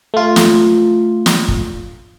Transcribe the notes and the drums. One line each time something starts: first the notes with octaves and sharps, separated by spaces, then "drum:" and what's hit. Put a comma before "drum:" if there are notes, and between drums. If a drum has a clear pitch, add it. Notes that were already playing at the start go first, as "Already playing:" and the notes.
A3 F4
drum: snare
drum: snare
drum: kick